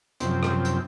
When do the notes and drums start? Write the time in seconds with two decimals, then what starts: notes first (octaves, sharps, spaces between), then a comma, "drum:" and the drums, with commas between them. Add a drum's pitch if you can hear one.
0.20 F#2 C3 F3 C4, drum: hi-hat
0.43 drum: rim click
0.65 drum: hi-hat